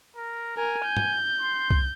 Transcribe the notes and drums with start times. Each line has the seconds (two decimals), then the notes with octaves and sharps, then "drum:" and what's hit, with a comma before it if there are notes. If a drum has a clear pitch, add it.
0.16 A#4
0.57 A#4 G#5
0.86 G6
0.97 drum: tom
1.40 C6
1.71 drum: kick C2